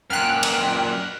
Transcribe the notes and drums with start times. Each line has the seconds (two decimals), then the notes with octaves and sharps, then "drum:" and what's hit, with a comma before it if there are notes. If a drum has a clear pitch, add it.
0.10 F#2 A#2 G5 F6 F#6
0.43 drum: cymbal